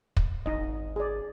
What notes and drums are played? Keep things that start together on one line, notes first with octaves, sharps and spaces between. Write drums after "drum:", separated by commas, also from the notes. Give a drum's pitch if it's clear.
drum: kick
G#1 D#4 D#5
G#4 D5